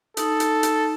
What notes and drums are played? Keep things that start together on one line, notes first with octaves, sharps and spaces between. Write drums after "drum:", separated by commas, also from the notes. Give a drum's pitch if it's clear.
D#4 A4 D#6, drum: hi-hat
drum: hi-hat
drum: hi-hat